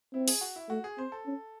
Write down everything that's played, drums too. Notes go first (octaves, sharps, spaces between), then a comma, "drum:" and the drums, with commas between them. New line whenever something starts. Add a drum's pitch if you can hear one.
C4 E4
G#4, drum: open hi-hat
F#4
E4
A3 F#4
G#4
C4 C5
A4
C#4